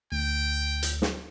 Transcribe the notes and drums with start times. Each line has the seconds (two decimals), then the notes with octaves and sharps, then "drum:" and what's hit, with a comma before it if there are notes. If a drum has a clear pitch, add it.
0.12 D2 G5
0.83 drum: hi-hat
1.02 drum: snare